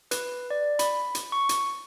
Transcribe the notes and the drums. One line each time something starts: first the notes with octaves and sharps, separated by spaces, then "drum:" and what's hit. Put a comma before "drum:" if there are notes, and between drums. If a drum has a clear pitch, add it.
B4, drum: hi-hat
D5
B5, drum: hi-hat
drum: hi-hat
C#6
drum: hi-hat